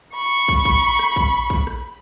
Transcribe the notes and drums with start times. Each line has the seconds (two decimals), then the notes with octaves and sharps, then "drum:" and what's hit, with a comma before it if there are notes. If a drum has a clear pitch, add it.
0.15 B5 C#6
0.48 drum: kick
0.65 drum: kick
0.99 drum: rim click
1.16 drum: kick
1.50 drum: kick
1.67 drum: rim click